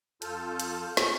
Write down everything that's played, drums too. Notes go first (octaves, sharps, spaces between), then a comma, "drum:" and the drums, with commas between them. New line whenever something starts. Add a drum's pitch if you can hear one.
F2 F4 A4 A5 F6 G6, drum: hi-hat
drum: hi-hat
drum: snare